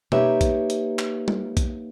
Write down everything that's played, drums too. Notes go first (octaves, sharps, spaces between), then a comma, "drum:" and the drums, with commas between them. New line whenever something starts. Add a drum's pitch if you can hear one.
A#3 D#4 G4 B4 C#5 E5, drum: tom B2
drum: kick B1, hi-hat
drum: hi-hat
drum: clap
drum: tom G3
drum: kick B1, hi-hat